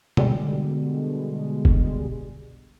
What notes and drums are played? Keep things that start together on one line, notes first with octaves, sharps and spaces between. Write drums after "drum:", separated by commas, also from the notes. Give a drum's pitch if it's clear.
B2 D3 G3 G#3, drum: tom
drum: kick